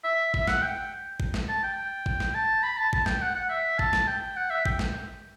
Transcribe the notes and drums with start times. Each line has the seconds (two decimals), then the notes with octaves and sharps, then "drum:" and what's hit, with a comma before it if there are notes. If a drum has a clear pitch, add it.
0.04 E5
0.34 E5, drum: kick
0.47 F#5, drum: snare
0.62 G5
1.20 drum: kick
1.34 drum: snare
1.49 A5
1.63 G5
2.06 drum: kick
2.20 drum: snare
2.35 A5
2.63 B5
2.78 A5
2.93 A5, drum: kick
3.06 G5, drum: snare
3.22 F#5
3.35 F#5
3.49 E5
3.79 A5, drum: kick
3.93 drum: snare
4.07 G5
4.37 F#5
4.50 E5
4.66 G5, drum: kick
4.79 drum: snare